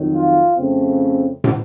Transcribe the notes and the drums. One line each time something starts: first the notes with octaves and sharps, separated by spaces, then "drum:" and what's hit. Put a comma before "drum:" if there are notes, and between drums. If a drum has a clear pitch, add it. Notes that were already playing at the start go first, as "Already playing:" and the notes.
Already playing: F2 D#3 F#3
F4
F2 C#3 A3 C4
drum: tom